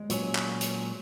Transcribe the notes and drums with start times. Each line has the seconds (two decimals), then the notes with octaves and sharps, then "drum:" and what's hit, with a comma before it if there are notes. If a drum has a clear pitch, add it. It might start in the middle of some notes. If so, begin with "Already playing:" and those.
Already playing: G#3
0.10 A#2 F#3 C#4, drum: hi-hat
0.35 drum: clap
0.61 drum: hi-hat